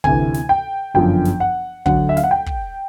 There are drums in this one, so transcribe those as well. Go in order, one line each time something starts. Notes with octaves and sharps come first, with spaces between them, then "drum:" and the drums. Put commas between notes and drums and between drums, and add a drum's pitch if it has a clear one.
D2 C3 E3 G#5, drum: kick
drum: snare
G5
G1 F#2 D3 F3 G5
drum: snare
F#5
D2 D3 F#3 F#5, drum: kick
E5
F5, drum: snare
F#5
G5
drum: kick